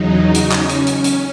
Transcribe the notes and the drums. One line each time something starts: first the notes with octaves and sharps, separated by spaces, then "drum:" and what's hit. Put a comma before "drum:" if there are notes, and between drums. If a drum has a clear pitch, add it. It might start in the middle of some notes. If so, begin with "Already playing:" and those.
Already playing: E2 C#3 F#3 D#4
drum: hi-hat
C#4, drum: clap
drum: hi-hat
drum: hi-hat
drum: hi-hat